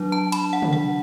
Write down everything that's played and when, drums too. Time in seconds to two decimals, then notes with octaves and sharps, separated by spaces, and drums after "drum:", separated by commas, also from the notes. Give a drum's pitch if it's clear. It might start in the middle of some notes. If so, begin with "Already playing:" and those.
Already playing: F#3 D4
0.12 A5
0.32 B5, drum: cymbal
0.53 F#5
0.62 drum: tom
0.73 F#5